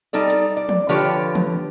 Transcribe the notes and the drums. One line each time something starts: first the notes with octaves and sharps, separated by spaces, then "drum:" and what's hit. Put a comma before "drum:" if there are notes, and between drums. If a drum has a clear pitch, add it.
G3 D#4 A4 D5
drum: hi-hat
D5
drum: tom E3
D3 F3 F4 G4 B4 C#5
drum: tom D#3